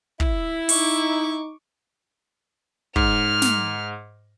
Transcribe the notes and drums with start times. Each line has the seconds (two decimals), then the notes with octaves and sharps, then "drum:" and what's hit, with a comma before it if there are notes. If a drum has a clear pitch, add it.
0.20 E4, drum: kick
0.69 D#4 C#6 D6, drum: open hi-hat
2.96 G#2 F6, drum: kick
3.42 drum: snare